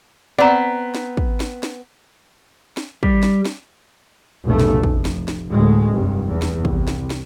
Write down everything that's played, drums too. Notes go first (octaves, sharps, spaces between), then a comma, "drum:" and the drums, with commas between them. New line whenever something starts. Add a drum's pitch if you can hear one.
B3 C4 D5 F#5 A#5
drum: snare
drum: kick
drum: snare
drum: snare
drum: snare
G3, drum: kick
drum: snare
drum: snare
F1 B1 A2 C#3 A3
drum: snare
F1, drum: kick
drum: snare
drum: snare
D2 A2 G#3
F1 C2 G2
E2
drum: snare
C2, drum: kick
drum: snare
drum: snare